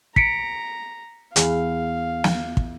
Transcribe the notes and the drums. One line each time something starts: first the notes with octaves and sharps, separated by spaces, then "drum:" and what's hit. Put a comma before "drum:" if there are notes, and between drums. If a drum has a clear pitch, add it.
A#5 B6 C#7 D7, drum: kick
E2 F5, drum: hi-hat
drum: snare
drum: kick